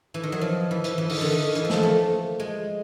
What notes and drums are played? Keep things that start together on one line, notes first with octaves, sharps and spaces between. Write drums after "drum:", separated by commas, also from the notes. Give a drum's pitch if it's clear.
E3
D#3
F#3
F3
E3
E3, drum: hi-hat
E3
D#3, drum: open hi-hat
D3
D#3
E3, drum: hi-hat
F3
A3 A#3, drum: snare
A3
G#3